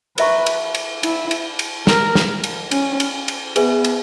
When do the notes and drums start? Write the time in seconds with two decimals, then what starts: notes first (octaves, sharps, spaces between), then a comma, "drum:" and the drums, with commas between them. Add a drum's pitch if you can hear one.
0.18 A#4 B4 C#5 E5 A#5 C#6, drum: cymbal
0.46 drum: cymbal
0.75 drum: cymbal
1.03 E4, drum: cymbal
1.31 drum: cymbal
1.59 drum: cymbal
1.87 A#4, drum: snare
2.15 drum: snare
2.44 drum: cymbal
2.71 C#4, drum: cymbal
3.00 drum: cymbal
3.28 drum: cymbal
3.56 B3 G#4 B4 E5 G#5, drum: cymbal
3.84 drum: cymbal